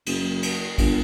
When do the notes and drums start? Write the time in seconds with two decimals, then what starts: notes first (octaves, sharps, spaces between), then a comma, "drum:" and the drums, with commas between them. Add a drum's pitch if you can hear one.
0.06 F#1, drum: cymbal
0.43 drum: cymbal
0.78 G1, drum: kick A1, cymbal